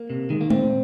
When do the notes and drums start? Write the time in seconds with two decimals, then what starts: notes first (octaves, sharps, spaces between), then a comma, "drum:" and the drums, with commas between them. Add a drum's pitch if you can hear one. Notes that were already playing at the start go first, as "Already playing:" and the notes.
Already playing: A#3
0.10 C3
0.30 D#3 G#3
0.41 A#3
0.50 A#2 C4, drum: tom